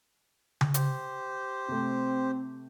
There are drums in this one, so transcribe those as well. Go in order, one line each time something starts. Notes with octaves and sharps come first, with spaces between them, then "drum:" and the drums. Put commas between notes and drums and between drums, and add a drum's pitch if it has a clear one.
drum: tom C#3
G4 C5, drum: hi-hat
C3 A3 C4